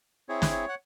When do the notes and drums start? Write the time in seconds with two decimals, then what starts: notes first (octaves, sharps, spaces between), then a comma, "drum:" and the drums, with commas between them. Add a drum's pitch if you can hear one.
0.29 C4 E4 G#4 C#5
0.42 drum: snare
0.51 C#5
0.69 F#5